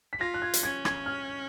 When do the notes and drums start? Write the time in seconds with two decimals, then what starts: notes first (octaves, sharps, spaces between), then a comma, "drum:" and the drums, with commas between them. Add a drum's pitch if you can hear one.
0.13 B6
0.20 F4 A#6
0.34 F#6
0.42 G#6
0.54 drum: hi-hat
0.63 C#4 G#6
0.85 G#6, drum: rim click
1.06 F6